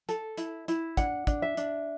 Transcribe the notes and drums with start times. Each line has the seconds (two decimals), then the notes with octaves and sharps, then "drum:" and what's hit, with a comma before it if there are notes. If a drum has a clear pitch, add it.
0.09 A4, drum: hi-hat
0.37 E4, drum: hi-hat
0.68 E4, drum: hi-hat
0.97 D4 F#5, drum: kick, hi-hat
1.27 D4, drum: kick, hi-hat
1.42 E5
1.57 D4, drum: hi-hat